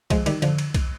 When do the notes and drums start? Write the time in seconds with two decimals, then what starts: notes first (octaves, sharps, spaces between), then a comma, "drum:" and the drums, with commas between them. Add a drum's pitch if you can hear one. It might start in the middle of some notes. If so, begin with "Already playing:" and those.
0.10 F3 G#3, drum: kick, cymbal
0.26 D#3 G3, drum: cymbal
0.42 D3 F3, drum: cymbal
0.58 drum: cymbal
0.74 drum: kick, cymbal